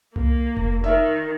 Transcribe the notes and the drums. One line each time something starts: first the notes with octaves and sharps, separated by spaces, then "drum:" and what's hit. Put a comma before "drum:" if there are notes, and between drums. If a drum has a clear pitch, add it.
A#3, drum: tom C2
drum: kick F1
D#3 A#4 E5